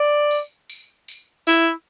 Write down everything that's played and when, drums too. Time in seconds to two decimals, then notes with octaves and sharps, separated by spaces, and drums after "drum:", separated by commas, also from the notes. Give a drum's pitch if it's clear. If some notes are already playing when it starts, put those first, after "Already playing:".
Already playing: D5
0.31 drum: tambourine
0.70 drum: tambourine
1.08 drum: tambourine
1.47 E4, drum: tambourine